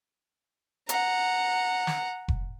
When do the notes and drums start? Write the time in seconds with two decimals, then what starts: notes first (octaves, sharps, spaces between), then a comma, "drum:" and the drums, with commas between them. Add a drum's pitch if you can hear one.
0.89 F#5 A#5, drum: hi-hat
1.87 drum: snare
2.28 drum: kick F1